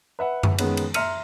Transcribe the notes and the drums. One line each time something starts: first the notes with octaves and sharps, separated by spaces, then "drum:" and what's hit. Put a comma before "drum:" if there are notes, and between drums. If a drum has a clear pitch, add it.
B4 E5 F#5
drum: tom F#2
D#3 G#3 B3 C#4, drum: cymbal
drum: cymbal
E5 A#5 C6 F6 C#7 D#7, drum: cymbal